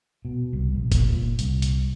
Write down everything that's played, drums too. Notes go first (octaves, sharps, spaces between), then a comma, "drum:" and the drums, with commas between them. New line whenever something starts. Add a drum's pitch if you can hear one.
B2
C2
A#1
drum: kick, hi-hat
A#2
C2, drum: hi-hat
drum: hi-hat